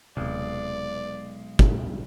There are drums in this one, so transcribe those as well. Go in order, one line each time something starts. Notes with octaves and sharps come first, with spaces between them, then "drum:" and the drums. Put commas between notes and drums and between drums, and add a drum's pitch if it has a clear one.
D#1 B1 C3 G#3 D5
drum: kick